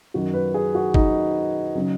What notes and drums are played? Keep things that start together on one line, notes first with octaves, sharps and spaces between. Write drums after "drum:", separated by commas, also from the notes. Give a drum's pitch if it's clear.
F#2 D#3 F#3 F#4
B4
G#4
F#4
D#4, drum: kick G1
C#3 F#3